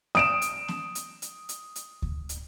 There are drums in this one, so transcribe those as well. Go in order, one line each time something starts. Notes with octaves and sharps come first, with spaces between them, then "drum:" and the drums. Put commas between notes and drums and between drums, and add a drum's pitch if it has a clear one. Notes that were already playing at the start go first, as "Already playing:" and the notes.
D#6 D7 E7, drum: snare B3
drum: hi-hat
drum: snare B3
drum: hi-hat
drum: hi-hat
drum: hi-hat
drum: hi-hat
drum: kick D2
drum: hi-hat